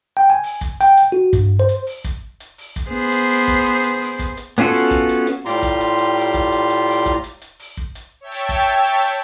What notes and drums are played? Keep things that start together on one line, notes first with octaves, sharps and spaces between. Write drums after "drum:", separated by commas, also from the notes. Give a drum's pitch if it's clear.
G5
G#5
drum: open hi-hat
drum: kick, hi-hat
G5, drum: hi-hat
drum: hi-hat
F#4
G2, drum: kick, hi-hat
C5
drum: hi-hat
drum: open hi-hat
drum: kick, hi-hat
drum: hi-hat
drum: open hi-hat
drum: kick, hi-hat
B3 G#4 C5
drum: hi-hat
drum: open hi-hat
drum: kick, hi-hat
drum: hi-hat
drum: hi-hat
drum: open hi-hat
drum: kick, hi-hat
drum: hi-hat
B3 C#4 F4 F#4 A4, drum: hi-hat
drum: open hi-hat
drum: kick, hi-hat
drum: hi-hat
drum: hi-hat
A2 G3 F4 G4 A#5 C6, drum: open hi-hat
drum: kick, hi-hat
drum: hi-hat
drum: hi-hat
drum: open hi-hat
drum: kick, hi-hat
drum: hi-hat
drum: hi-hat
drum: open hi-hat
drum: kick, hi-hat
drum: hi-hat
drum: hi-hat
drum: open hi-hat
drum: kick
drum: hi-hat
C#5 E5 G5 A5
drum: open hi-hat
drum: kick, hi-hat
drum: hi-hat
drum: hi-hat
drum: open hi-hat